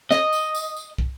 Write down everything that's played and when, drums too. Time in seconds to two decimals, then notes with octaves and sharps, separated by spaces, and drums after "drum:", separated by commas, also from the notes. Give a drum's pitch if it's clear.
0.11 D#5, drum: snare
0.33 drum: tambourine
0.55 drum: tambourine
0.76 drum: tambourine
0.98 drum: kick